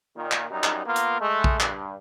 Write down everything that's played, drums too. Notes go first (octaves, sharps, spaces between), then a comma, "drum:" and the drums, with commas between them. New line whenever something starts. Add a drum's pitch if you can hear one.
A#2 D#3
drum: clap
F#2 G3 D#4
drum: clap
A#3 B3 F4 A#4
drum: hi-hat
G#3 A3
drum: kick A#1
G2, drum: clap